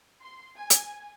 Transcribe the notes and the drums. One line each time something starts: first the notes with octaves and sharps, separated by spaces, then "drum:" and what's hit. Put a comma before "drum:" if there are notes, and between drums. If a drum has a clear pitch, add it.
C6
G#5
drum: hi-hat